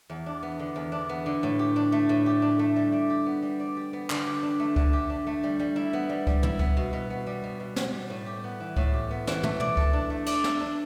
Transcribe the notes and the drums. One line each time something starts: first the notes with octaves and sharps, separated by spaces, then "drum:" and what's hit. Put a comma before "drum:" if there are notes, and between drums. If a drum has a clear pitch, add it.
E2
D4
B3
D3
E2
D4
B3
D3
A2
G4
D4
A3
A2
G4
D4
A3
G3
D5
G4
B3
G3
D5
G4
B3
D3, drum: clap
G4
D4
A3
D3, drum: kick C#2
G4
D4
A3
G3
G3
E4
B3
G3
G3, drum: kick C#2
E4, drum: tom
B3, drum: kick C#2
B2
B2
B3
G3
B2
B2
B3, drum: snare
G3
A2
G4
B3
E3
A2, drum: kick C#2
G4
B3
E3, drum: snare
A3, drum: tom
D5, drum: tom
A4, drum: kick C#2
D4
A3
D5, drum: cymbal
A4, drum: snare
D4